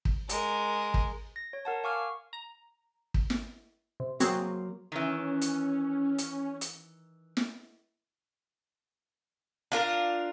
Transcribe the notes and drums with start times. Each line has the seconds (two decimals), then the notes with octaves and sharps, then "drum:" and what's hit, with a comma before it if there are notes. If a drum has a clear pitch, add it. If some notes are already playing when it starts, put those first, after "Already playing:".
0.05 drum: kick
0.29 G#3 A#4, drum: hi-hat
0.94 drum: kick
1.36 A#6
1.53 C#5
1.65 A#4 F#5 A5
1.84 F5 G#5 C#6 D6 F6
2.33 A#5
3.14 drum: kick
3.30 drum: snare
4.00 C3
4.20 F#3 A#3 C4 F#4 G#4 C5, drum: hi-hat
4.92 D#3 E3 C#4
5.42 drum: hi-hat
6.19 drum: hi-hat
6.61 drum: hi-hat
7.37 drum: snare
9.72 D4 F4 A#4